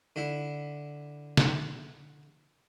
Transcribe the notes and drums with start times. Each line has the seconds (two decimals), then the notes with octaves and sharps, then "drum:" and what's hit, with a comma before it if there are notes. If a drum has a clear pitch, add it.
0.16 D3 E4
1.37 drum: snare